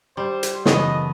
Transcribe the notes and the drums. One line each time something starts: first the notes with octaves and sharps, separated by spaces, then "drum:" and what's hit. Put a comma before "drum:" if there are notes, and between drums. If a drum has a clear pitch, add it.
G3 C5
drum: hi-hat
F#1 E3 A3 B3 D#5, drum: snare